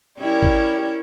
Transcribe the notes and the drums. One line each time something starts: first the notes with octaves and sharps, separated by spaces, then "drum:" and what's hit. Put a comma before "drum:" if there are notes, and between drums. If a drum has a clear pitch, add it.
G3 C#4 E4 A#4
drum: kick G#1